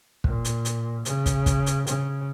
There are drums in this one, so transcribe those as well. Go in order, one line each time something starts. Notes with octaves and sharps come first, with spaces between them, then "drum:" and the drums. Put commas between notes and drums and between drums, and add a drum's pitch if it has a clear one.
A#2, drum: kick
drum: hi-hat
drum: hi-hat
C#3, drum: hi-hat
drum: kick, hi-hat
drum: kick, hi-hat
drum: hi-hat
C#3, drum: hi-hat